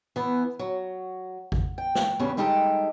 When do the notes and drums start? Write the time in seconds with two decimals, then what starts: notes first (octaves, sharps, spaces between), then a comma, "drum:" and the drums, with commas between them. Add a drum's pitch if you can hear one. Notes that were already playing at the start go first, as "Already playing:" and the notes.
0.16 E3 B3
0.59 F#3
1.52 drum: kick
1.78 G5
1.95 drum: snare
2.20 E2 G2 C#3 G3 B3 C#4
2.37 G3 G#3 D#4 G4 A4